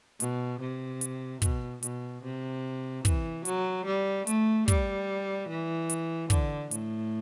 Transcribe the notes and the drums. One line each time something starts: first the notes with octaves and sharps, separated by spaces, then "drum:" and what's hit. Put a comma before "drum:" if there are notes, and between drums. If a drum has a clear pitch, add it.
B2, drum: hi-hat
C3
drum: hi-hat
B2, drum: kick, hi-hat
B2, drum: hi-hat
C3
E3, drum: kick, hi-hat
F#3, drum: hi-hat
G3
A3, drum: hi-hat
G3, drum: kick, hi-hat
E3
drum: hi-hat
D3, drum: kick, hi-hat
A2, drum: hi-hat